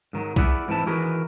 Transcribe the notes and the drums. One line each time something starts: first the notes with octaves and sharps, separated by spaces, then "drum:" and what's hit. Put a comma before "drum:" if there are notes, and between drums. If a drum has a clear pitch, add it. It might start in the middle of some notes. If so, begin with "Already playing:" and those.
G#2 D#3 F#3
E4 G#4 D5 E5 F#5, drum: kick B1
G#2 E3 C4 E4 A5
D#3 E3 F#4 G#4 A#4 B4